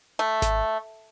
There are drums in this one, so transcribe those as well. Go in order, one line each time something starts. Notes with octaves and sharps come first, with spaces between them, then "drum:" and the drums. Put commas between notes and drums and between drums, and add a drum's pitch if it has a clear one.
A3
drum: snare G#1